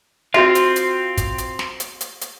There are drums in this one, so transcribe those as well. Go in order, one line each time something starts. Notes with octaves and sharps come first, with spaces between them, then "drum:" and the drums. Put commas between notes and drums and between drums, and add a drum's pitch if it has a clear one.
C4 F4 F#4 E5, drum: snare
drum: hi-hat
drum: hi-hat
drum: kick, hi-hat
drum: hi-hat
drum: snare
drum: hi-hat
drum: hi-hat
drum: hi-hat